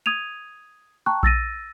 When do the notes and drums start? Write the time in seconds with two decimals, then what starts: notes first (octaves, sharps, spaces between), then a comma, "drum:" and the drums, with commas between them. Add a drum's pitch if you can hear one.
0.06 D#6 G#6 D#7 F7
1.06 G5 A5 A#5 C#6 F#6
1.23 E6 A6 A#6 D#7, drum: kick A#1